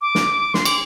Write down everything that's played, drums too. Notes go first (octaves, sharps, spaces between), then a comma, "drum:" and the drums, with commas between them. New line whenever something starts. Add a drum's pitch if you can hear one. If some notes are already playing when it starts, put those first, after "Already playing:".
D6
drum: snare
C6, drum: snare
D6, drum: cymbal